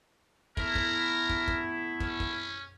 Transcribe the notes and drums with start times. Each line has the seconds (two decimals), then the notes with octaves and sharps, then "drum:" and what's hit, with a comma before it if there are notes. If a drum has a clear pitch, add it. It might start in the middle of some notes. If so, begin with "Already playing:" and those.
0.57 A3 B3 E4 A#4, drum: kick
0.75 drum: kick
1.30 drum: kick
1.48 drum: kick
2.01 C#4, drum: kick
2.20 drum: kick